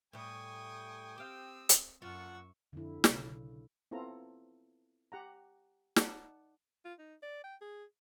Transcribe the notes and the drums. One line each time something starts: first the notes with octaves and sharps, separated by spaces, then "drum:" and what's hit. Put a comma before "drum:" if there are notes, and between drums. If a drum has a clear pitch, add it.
A2 G3 G5 G#5 C#6 D#6
C4 G4 F5 D#6 E6
drum: hi-hat
F#2 A#3 F4 A4 F#5 C#6 E6
F2 D3 E4
B1 C#3, drum: snare
B3 C4 E4 F4 A4 A#5
G4 F#5 A#5
D#4 D5 F#5 A5, drum: snare
F4
D#4
D5
G5
G#4